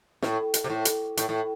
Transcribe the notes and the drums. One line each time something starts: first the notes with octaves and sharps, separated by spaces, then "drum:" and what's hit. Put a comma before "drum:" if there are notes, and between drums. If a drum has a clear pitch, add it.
A2, drum: snare
drum: hi-hat
C3
A2
drum: hi-hat
A2, drum: hi-hat
A2